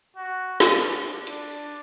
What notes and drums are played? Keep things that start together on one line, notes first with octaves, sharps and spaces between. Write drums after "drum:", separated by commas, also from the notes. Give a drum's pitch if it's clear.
F#4
D4, drum: snare
D4, drum: cymbal